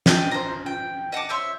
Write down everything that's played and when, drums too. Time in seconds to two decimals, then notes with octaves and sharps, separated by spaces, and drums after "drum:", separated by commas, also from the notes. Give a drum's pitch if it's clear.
0.06 D4 D#5 G5, drum: snare
0.31 C5 A#5
0.66 G5
1.12 D#5 F#5 A5 D6
1.29 C5 C#5 E5 C6